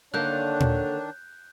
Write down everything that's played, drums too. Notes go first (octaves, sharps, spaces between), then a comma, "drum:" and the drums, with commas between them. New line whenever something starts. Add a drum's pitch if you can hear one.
D3 D#3 A#3 D4 C#5 F#6 G6
drum: tom A#2